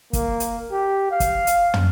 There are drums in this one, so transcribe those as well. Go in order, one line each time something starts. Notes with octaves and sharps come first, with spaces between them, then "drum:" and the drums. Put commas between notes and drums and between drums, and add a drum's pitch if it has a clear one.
A#3, drum: kick, hi-hat
drum: hi-hat
G4
F5
drum: kick, hi-hat
drum: hi-hat
drum: tom